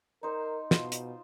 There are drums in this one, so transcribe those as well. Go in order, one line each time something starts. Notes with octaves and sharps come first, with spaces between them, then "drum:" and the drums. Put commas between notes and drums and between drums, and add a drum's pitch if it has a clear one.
D#4 A#4 C5
B2 F4, drum: snare
drum: hi-hat